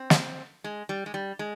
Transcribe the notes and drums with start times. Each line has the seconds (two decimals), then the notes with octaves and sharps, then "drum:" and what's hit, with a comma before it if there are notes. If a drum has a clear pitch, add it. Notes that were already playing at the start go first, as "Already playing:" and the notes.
Already playing: C4
0.10 drum: snare
0.64 G#3
0.89 G3
1.06 G#3
1.14 G3
1.39 G#3